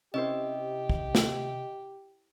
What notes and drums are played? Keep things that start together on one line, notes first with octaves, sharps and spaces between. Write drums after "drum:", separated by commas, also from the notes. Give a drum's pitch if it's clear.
C3 C#4 E4 G4 C5 D#5
drum: kick
drum: snare